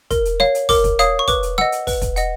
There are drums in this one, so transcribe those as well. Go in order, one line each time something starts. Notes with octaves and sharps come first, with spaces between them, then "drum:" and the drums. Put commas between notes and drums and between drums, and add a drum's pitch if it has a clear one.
A#4, drum: kick, hi-hat
drum: hi-hat
C#5 F5, drum: snare
drum: hi-hat
A#4 D6, drum: kick, open hi-hat
drum: kick, hi-hat
C#5 F5 D#6, drum: hi-hat
C#6
B4 D6, drum: kick, hi-hat
drum: hi-hat
D#5 F#5 E6, drum: snare
drum: hi-hat
B4, drum: kick, open hi-hat
drum: kick, hi-hat
D#5 F#5, drum: hi-hat